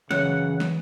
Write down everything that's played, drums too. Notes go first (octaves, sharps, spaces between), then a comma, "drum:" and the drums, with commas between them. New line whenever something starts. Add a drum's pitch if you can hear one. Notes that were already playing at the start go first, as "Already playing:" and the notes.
F#2 C#3 E3 F#5, drum: snare
drum: snare